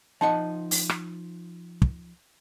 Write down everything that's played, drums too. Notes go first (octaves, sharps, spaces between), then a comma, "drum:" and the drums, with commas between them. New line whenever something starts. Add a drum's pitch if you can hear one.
F3 D#4 F#5 A5
drum: open hi-hat
drum: rim click
drum: kick